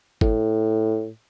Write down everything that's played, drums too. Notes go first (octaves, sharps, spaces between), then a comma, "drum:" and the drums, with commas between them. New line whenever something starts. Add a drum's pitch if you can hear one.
A2, drum: kick G1